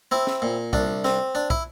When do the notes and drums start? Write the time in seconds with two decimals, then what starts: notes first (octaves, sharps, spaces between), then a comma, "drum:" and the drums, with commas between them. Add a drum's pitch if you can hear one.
0.11 C4 E4
0.27 drum: snare
0.42 A#2
0.73 C2 D4, drum: kick
1.04 C4, drum: snare
1.35 D4
1.50 E4, drum: kick